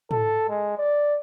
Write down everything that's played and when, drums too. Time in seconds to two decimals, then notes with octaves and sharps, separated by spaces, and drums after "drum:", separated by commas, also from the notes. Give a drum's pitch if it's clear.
0.11 A4, drum: tom
0.49 G#3
0.78 D5